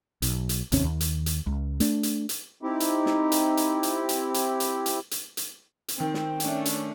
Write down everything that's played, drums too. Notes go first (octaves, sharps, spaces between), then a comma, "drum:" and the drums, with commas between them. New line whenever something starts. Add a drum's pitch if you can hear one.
B1, drum: hi-hat
drum: hi-hat
G#1 D#2 C3 C#4, drum: hi-hat
D#2
drum: hi-hat
drum: hi-hat
C#2
A3 D4, drum: hi-hat
drum: hi-hat
drum: hi-hat
C4 D#4 E4 G4
drum: hi-hat
drum: snare
drum: hi-hat
drum: hi-hat
drum: hi-hat
drum: hi-hat
drum: hi-hat
drum: hi-hat
drum: hi-hat
drum: hi-hat
drum: hi-hat
drum: hi-hat
D#3 C4 G5
drum: snare
A3 C#4 D4, drum: hi-hat
drum: hi-hat